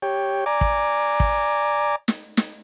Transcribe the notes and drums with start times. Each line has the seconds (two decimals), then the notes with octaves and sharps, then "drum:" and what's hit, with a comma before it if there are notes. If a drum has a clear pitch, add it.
0.02 G4 C#5 G5
0.46 D5 G#5 A#5 D6
0.61 drum: kick
1.20 drum: kick
2.08 drum: snare
2.37 drum: snare